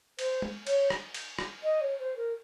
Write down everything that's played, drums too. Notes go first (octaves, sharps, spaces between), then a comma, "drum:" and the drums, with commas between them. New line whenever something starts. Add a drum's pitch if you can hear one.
C5, drum: cymbal
drum: tom
C#5, drum: cymbal
drum: rim click
drum: cymbal
drum: rim click
D#5
C#5
C5
A#4